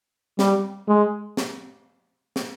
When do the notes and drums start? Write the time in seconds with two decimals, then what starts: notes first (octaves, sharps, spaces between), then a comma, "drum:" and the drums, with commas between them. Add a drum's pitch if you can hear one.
0.39 G3, drum: snare
0.88 G#3
1.37 drum: snare
2.36 drum: snare